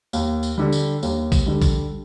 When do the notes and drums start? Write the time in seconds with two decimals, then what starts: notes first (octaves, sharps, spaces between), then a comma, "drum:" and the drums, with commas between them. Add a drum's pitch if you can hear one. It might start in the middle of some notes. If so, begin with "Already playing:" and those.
0.13 D#2, drum: tambourine
0.43 drum: tambourine
0.58 D3 G3
0.72 drum: tambourine
1.03 D#2, drum: tambourine
1.32 drum: kick A#1, tambourine
1.46 D3 G3
1.62 drum: kick A#1, tambourine